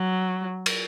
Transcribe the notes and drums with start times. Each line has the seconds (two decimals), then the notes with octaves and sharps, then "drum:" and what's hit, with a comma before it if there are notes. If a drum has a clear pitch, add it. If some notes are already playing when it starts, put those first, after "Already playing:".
Already playing: F#3
0.66 drum: cymbal